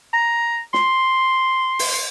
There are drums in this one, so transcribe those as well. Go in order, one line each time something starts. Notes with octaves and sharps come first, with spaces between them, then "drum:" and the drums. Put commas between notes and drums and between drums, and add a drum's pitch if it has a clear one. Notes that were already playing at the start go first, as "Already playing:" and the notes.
A#5
C6, drum: snare
drum: open hi-hat